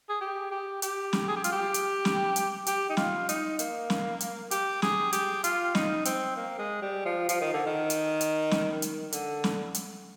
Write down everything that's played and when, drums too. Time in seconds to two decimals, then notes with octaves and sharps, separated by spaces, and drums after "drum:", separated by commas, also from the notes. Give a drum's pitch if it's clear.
0.09 G#4
0.21 G4
0.51 G4
0.82 G4, drum: hi-hat
1.13 drum: snare
1.28 G#4
1.36 G4
1.44 F4, drum: hi-hat
1.52 G4
1.74 drum: hi-hat
2.05 drum: snare
2.36 drum: hi-hat
2.66 G4, drum: hi-hat
2.89 D#4
2.97 F4, drum: snare
3.29 D#4, drum: hi-hat
3.59 A#3, drum: hi-hat
3.90 drum: snare
4.20 drum: hi-hat
4.51 G4, drum: hi-hat
4.82 G#4, drum: snare
5.13 G4, drum: hi-hat
5.44 F4, drum: hi-hat
5.75 D#4, drum: snare
6.05 C4, drum: hi-hat
6.36 A#3
6.58 G#3
6.82 G3
7.05 F3
7.29 F3, drum: hi-hat
7.41 D#3
7.53 D3
7.66 D#3
7.90 drum: hi-hat
8.21 drum: hi-hat
8.51 drum: snare
8.82 drum: hi-hat
9.12 D3, drum: hi-hat
9.44 drum: snare
9.75 drum: hi-hat